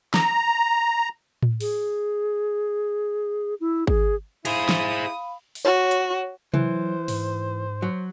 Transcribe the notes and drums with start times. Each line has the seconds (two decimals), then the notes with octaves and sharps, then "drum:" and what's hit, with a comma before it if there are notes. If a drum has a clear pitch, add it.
0.14 A#5, drum: snare
1.43 drum: tom A2
1.61 G#4, drum: open hi-hat
3.60 E4
3.87 G#4, drum: kick G#1
4.45 E4 G#4 C5 F5 B5 D#6, drum: cymbal
4.69 drum: snare
5.55 drum: open hi-hat
5.65 F#4 C#5
5.91 drum: hi-hat
6.54 E3 F#3 C5, drum: tom C3
7.08 G#2, drum: open hi-hat
7.82 F#3